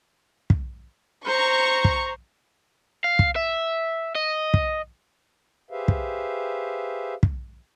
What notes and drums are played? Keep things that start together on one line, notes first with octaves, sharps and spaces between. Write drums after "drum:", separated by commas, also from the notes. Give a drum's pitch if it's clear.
drum: kick
C5 A#5 C#6
drum: kick
F5
drum: kick
E5
D#5
drum: kick
G4 G#4 B4 C5 E5 F5
drum: kick
drum: kick